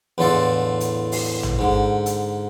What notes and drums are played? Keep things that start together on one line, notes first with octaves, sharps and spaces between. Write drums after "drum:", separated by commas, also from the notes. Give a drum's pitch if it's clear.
E2 A2 D3 F4 A4 D5
drum: hi-hat
drum: open hi-hat
drum: tom G#1
G#2 D3
drum: hi-hat